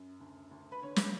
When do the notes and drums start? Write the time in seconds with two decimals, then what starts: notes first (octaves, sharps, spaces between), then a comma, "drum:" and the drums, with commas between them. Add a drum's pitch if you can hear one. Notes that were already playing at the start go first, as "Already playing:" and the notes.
Already playing: F#2
0.20 D2
0.51 D2
0.72 B4
0.82 D3 C#5
0.96 drum: snare